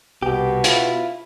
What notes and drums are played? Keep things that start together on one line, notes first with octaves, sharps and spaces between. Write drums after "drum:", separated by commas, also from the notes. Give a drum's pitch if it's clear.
C2 B2 G4
E4 F4, drum: hi-hat